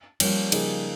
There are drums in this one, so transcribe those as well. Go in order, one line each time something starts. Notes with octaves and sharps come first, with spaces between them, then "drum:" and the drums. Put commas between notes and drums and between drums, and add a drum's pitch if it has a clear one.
F3 G3 A#3 C#4, drum: cymbal
C#3 F3 A#3 D#4 G#4, drum: cymbal